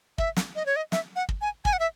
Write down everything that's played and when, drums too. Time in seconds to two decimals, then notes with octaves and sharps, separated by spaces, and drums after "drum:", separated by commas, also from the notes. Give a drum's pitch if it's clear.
0.18 E5, drum: kick
0.37 drum: snare
0.56 D#5
0.66 C#5
0.76 D#5
0.92 E5, drum: snare
1.16 F#5
1.29 drum: kick
1.41 G#5
1.65 G#5, drum: kick
1.73 F#5
1.80 E5